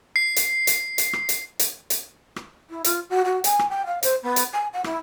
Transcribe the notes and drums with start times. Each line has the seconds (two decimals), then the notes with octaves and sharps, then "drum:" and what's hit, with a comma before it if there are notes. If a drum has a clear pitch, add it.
0.16 C7
0.36 drum: hi-hat
0.67 drum: hi-hat
0.98 drum: hi-hat
1.13 drum: rim click
1.29 drum: hi-hat
1.59 drum: hi-hat
1.90 drum: hi-hat
2.36 drum: rim click
2.70 E4
2.84 F4, drum: hi-hat
3.09 F#4
3.24 F#4
3.44 G#5, drum: hi-hat
3.59 drum: rim click
3.69 G5
3.86 F5
4.03 C5, drum: hi-hat
4.23 B3
4.36 drum: hi-hat
4.52 G#5
4.73 F#5
4.84 E4, drum: rim click